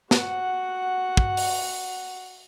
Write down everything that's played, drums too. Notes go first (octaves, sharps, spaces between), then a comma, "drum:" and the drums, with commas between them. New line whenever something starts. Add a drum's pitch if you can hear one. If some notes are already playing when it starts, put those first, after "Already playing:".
F#4 F#5, drum: snare
drum: kick
drum: open hi-hat